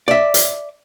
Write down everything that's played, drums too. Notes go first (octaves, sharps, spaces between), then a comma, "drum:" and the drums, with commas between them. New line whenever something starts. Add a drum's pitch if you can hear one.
D5 E5
drum: hi-hat